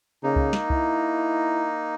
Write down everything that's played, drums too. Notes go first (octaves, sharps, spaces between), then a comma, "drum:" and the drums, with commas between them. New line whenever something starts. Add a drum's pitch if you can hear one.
C#3 A#3 D#4
drum: kick C2
drum: snare
E4, drum: kick C2